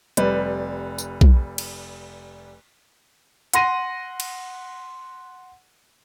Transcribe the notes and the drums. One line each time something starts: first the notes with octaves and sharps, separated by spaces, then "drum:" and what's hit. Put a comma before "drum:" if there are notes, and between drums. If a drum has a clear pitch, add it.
F1 G3 B4, drum: hi-hat
drum: tambourine
drum: kick B1
drum: cymbal
F#5 C6 A#6 D#7, drum: hi-hat
drum: cymbal